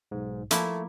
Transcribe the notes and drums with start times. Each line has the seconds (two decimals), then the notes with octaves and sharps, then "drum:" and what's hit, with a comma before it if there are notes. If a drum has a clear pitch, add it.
0.11 B1 G#2
0.51 F3 A3 A#3 E4, drum: hi-hat